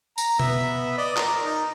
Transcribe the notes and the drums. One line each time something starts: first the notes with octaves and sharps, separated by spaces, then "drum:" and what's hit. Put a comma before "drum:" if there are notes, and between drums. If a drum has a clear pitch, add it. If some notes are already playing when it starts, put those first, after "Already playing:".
A#5, drum: tambourine
B3 E5, drum: tom B2
D5 D#5
A#4, drum: clap
D#4